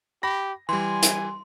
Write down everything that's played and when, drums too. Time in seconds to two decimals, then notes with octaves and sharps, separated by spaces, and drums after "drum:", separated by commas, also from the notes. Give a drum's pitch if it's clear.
0.23 G4 B5 A#6
0.69 E3 G3 G#5 C6
1.02 drum: hi-hat